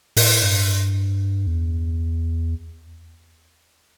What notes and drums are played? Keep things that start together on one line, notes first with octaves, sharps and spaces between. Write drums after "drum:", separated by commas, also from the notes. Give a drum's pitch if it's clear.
A2, drum: open hi-hat
G2
E2